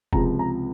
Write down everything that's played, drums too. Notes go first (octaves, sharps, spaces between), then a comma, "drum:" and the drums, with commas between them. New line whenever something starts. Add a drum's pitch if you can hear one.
C#2 C3 F3 A#5, drum: kick F1
A#5